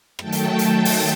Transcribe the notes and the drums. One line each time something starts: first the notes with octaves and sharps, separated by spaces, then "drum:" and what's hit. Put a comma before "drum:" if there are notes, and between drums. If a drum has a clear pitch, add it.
D#3 F#3 A3 G5 A5, drum: rim click
drum: hi-hat
drum: hi-hat
drum: open hi-hat